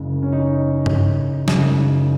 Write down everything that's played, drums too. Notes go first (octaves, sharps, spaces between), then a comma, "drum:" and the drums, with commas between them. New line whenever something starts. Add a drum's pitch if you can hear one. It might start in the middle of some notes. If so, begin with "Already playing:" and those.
Already playing: F#1 F#2 C#3 G#3
C#4
D#4
drum: tom G2
F#1 F#2 C#3 G#3 D#4, drum: snare